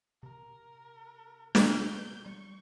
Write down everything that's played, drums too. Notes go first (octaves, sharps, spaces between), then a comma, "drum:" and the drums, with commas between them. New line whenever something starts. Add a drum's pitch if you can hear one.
C3 A#4
B2 G6, drum: snare
G3 C#6